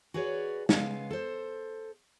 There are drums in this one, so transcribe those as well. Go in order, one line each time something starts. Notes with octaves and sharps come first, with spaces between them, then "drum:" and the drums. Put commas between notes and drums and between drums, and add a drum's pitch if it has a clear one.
F#4 G#4 B4 C#5 D5
C#3 G#3 B3 F5, drum: snare
A4 C5